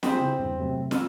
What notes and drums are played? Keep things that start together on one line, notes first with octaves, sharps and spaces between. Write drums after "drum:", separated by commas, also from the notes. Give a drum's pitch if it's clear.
C4 D4 G4 G#4 C5 B5, drum: snare
C#3 E4
E2 G2
C3 F#3 A3
E6 F6, drum: snare